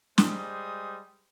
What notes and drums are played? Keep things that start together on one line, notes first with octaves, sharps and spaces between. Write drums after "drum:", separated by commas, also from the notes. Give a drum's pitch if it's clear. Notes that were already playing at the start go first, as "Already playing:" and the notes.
G3 G#3 C5 D#6, drum: snare